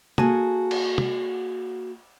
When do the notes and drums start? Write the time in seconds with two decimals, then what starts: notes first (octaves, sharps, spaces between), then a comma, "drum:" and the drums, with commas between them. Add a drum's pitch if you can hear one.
0.18 A#3 F#4 G#4 A4 G#5 A5, drum: tom
0.71 drum: cymbal
0.98 drum: tom